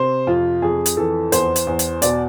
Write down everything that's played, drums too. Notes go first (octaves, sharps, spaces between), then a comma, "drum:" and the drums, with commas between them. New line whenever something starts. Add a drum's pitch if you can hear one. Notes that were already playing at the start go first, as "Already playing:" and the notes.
Already playing: C3 C5
F2 F4
F2 G#4
drum: hi-hat
E3 A4
E2 C5, drum: hi-hat
drum: hi-hat
E2
drum: hi-hat
B2 D5, drum: hi-hat